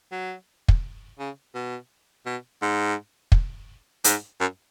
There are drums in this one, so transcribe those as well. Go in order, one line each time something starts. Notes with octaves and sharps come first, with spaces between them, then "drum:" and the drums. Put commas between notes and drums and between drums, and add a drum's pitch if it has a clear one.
F#3
drum: kick
C#3
B2
B2
G#2
drum: kick
G#2, drum: hi-hat
F#2